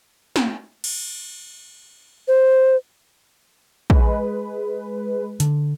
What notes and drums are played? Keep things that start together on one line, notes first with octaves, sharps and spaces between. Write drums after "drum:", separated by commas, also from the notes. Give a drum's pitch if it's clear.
drum: snare
drum: cymbal
C5
G#3 B4, drum: kick
D3, drum: hi-hat